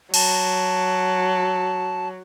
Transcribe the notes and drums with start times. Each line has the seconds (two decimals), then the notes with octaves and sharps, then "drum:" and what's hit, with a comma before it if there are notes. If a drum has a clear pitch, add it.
0.14 F#3 A5, drum: cymbal